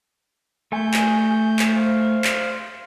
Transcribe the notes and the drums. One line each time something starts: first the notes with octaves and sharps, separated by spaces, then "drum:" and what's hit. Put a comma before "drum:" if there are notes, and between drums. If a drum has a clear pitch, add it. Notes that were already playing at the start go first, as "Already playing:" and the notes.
A3 G#5 G6
drum: clap
drum: clap
C5 F5
drum: clap